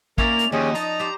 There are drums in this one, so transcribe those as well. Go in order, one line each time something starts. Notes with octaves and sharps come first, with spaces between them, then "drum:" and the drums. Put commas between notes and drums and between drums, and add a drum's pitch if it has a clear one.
A#3 C#4 E4 A#4 D5 F7, drum: kick A1
drum: hi-hat
D#2 F3 C#4 G4 G#4 D#5
D#4 A5 A#5, drum: hi-hat
G4 C5